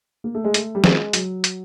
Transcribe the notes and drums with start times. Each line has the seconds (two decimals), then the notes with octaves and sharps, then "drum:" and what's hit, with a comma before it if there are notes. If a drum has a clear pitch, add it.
0.24 A#3
0.35 A3
0.44 G#3
0.54 A3, drum: hi-hat
0.75 G3
0.84 G#3, drum: snare
1.13 F#3, drum: hi-hat
1.44 drum: hi-hat